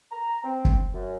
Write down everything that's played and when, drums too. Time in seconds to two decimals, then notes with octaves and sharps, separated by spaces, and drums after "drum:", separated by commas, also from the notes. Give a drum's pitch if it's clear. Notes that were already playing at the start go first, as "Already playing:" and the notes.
0.11 A#5
0.44 C4
0.65 drum: kick
0.94 F#2